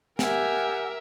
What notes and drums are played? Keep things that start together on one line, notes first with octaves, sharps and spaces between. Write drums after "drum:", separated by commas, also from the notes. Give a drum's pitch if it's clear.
G4 A#4 E5 F#5 G#5, drum: snare